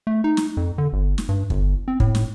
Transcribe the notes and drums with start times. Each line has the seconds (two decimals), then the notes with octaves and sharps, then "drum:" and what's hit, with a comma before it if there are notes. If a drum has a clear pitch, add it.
0.07 A3
0.24 D#4
0.37 drum: snare
0.57 F2
0.78 D3
0.93 G1
1.18 drum: snare
1.29 G2
1.50 G1, drum: kick
1.88 C4
2.00 A2, drum: kick
2.15 drum: snare